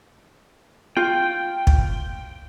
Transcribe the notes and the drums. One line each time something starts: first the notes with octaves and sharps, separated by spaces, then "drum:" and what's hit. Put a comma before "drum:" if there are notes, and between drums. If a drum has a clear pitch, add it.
F4 G5
drum: kick